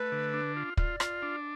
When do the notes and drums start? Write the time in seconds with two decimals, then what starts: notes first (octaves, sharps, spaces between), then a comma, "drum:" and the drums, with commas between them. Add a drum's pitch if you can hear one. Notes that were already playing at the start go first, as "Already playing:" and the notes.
Already playing: A3 B4
0.12 D3
0.34 D4
0.56 F4
0.77 F4 D5, drum: kick
1.00 F4, drum: rim click
1.22 D4